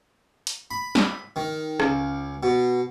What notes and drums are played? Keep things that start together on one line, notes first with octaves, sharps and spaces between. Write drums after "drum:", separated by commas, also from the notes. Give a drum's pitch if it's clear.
drum: hi-hat
B5
drum: snare
D#3
C#2, drum: rim click
B2